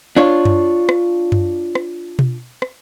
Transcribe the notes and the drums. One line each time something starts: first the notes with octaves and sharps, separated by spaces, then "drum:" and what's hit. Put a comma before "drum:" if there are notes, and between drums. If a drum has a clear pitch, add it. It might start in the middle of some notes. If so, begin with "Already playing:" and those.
D4 F4 C#5
drum: tom F#2
drum: rim click
drum: tom F#2
drum: rim click
drum: tom B2
drum: rim click